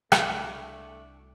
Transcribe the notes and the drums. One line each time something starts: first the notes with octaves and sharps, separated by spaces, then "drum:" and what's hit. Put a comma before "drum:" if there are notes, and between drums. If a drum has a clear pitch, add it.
C2 A3 D4 F#4, drum: rim click